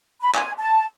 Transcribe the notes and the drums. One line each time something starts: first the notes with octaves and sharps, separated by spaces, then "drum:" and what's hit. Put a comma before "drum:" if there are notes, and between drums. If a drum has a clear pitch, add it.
B5
G#5, drum: clap
A5